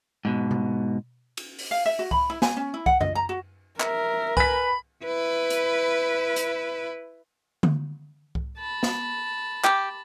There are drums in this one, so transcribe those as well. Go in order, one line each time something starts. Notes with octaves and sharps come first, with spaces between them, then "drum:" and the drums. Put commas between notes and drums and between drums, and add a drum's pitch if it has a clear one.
G#2 B2
drum: tom B2
drum: cymbal
drum: open hi-hat
F5
E5
F#4
B5, drum: kick C2
E4
G#5, drum: snare
C#4
E4
F#5, drum: kick C2
D#5, drum: tom F#2
A#5
F#4
A#4 E5, drum: clap
B4 G#5 B5 B6, drum: kick C2
E4 B4
drum: hi-hat
drum: hi-hat
drum: tom D3
drum: kick C2
A5 B5
drum: snare
G4, drum: clap